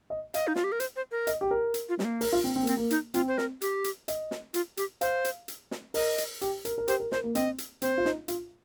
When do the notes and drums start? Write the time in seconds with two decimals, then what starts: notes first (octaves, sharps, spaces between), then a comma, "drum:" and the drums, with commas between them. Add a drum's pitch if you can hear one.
0.10 D#5
0.34 D#5 F5, drum: hi-hat
0.47 D#4
0.56 F4, drum: snare
0.64 G4
0.72 A#4
0.80 C5, drum: hi-hat
0.96 C5
1.12 A#4
1.27 D#5, drum: hi-hat
1.41 G4
1.51 A#4
1.74 drum: hi-hat
1.89 F4
1.99 G3, drum: snare
2.04 A#3
2.21 A#4, drum: open hi-hat
2.32 F4
2.44 C4
2.56 C4
2.63 A#3
2.67 C4, drum: hi-hat
2.77 A#3
2.90 D#4, drum: hi-hat
3.14 C4 F4, drum: hi-hat
3.28 C5
3.38 A#4, drum: snare
3.62 G4, drum: hi-hat
3.84 drum: hi-hat
4.08 D#5, drum: hi-hat
4.31 drum: snare
4.54 F4, drum: hi-hat
4.77 G4, drum: hi-hat
5.01 C5 F5, drum: hi-hat
5.25 drum: hi-hat
5.48 drum: hi-hat
5.71 drum: snare
5.94 A#4 D#5, drum: open hi-hat
6.18 drum: hi-hat
6.41 G4, drum: hi-hat
6.65 A#4, drum: hi-hat
6.78 A#4
6.88 G4 C5, drum: hi-hat
7.00 A#4
7.12 A#4 C5, drum: snare
7.24 A#3
7.35 C4 D#5, drum: hi-hat
7.58 drum: hi-hat
7.82 C4 C5, drum: hi-hat
7.98 F4
8.05 D#4, drum: snare
8.28 F4, drum: hi-hat